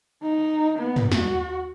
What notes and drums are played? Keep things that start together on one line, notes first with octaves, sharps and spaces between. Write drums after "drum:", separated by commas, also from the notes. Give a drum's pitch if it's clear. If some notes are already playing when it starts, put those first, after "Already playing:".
D#4
B3
drum: tom
F#4, drum: snare